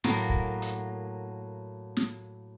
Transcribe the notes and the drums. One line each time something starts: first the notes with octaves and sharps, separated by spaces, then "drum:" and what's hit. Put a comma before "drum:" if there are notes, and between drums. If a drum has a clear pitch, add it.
A2 F#3 A#3, drum: snare
drum: kick
drum: hi-hat
drum: snare